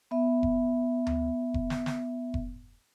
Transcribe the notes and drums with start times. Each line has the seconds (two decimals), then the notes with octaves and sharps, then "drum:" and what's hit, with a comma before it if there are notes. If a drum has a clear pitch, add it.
0.11 B3 E5
0.43 drum: kick F1
1.07 drum: tom D2
1.54 drum: kick F1
1.70 drum: snare
1.86 drum: snare
2.34 drum: kick F1